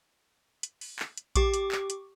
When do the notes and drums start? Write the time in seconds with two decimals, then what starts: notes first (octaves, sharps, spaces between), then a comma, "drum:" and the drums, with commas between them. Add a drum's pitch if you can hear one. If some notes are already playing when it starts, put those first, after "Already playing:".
0.63 drum: hi-hat
0.81 drum: open hi-hat
0.99 drum: clap
1.17 drum: hi-hat
1.36 G4 C#6 D6, drum: kick A#1, hi-hat
1.54 drum: hi-hat
1.72 drum: clap
1.90 drum: hi-hat